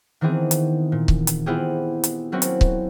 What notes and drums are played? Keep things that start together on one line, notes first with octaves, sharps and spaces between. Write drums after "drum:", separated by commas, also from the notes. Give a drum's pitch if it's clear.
D#3 E3 B3 C4 G#4
drum: hi-hat
A#2
drum: kick C#1
drum: hi-hat
B3 C4 E4 F4 G4 G#4
drum: hi-hat
F#3 A#3 C4 C#4 E4 F#4
drum: hi-hat
drum: kick C#1